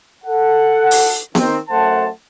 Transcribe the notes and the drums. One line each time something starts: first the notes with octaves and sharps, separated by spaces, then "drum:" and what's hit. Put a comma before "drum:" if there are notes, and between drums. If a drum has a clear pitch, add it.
A4 F#5
drum: open hi-hat
D#3 C4, drum: snare B3
F#2 A3 C5 F#5 A5